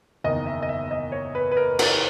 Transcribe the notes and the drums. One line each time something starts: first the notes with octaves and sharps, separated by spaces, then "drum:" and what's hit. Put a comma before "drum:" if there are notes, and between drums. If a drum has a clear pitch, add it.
F#1 E2 D#3 D#5
E5
D#5
E5
D#5
C#5
B4
B4
A#4
A#4, drum: cymbal